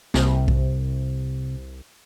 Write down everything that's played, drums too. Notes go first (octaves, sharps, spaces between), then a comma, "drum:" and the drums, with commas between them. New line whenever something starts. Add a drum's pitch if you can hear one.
C2 C3, drum: snare
drum: kick B1